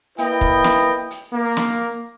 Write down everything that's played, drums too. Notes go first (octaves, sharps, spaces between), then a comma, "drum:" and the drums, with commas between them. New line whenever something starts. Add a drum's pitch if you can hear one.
A#3 E4 B4 D#5 G5, drum: hi-hat
drum: kick
drum: snare
drum: hi-hat
A#3
drum: snare